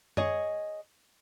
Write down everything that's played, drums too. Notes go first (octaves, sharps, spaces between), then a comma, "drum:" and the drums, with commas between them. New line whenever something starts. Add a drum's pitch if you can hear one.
G#4 C#5 D#5, drum: tom F#2